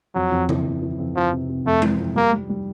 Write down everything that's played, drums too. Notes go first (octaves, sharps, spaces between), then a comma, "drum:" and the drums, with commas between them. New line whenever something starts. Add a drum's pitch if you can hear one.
F2 F#3
F2
E3, drum: tom C#3
F2
E3
F2
F2 F3
C3
C3
F2 A3
E3, drum: tom G#3
F2
G3 A#3
G3
G3